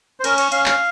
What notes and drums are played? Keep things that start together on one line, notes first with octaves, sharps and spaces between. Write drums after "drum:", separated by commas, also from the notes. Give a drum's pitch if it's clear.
C5
C#4 A#4, drum: cymbal
C#5, drum: cymbal
C#4 F5, drum: cymbal
F5, drum: clap